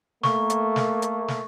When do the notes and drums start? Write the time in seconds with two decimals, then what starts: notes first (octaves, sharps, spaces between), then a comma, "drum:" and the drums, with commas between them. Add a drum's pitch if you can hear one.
0.23 A3 A#3 C#6, drum: snare
0.50 drum: hi-hat
0.76 drum: snare
1.02 drum: hi-hat
1.28 drum: snare